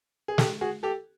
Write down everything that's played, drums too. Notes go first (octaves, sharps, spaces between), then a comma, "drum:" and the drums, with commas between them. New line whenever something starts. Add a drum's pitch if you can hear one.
G#4
G4 A4, drum: snare
F#4 G#4
G4 A4